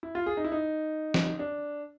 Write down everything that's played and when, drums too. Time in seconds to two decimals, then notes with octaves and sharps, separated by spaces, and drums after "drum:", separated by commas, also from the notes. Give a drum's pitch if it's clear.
0.03 E4
0.15 F4
0.26 G#4
0.37 D#4
0.44 E4
0.52 D#4
1.14 drum: snare
1.39 D4